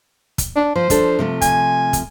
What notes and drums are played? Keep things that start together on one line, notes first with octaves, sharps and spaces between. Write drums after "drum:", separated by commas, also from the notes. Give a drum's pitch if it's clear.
drum: kick, hi-hat
D4
F3 C5
F3 D4 A4, drum: kick, hi-hat
C3 F3 A3
G#5, drum: kick, hi-hat
drum: kick, hi-hat